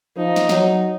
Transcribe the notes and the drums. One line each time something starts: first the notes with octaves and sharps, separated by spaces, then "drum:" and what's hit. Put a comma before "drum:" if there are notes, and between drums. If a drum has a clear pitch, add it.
F3 D#4
drum: snare
F#3, drum: snare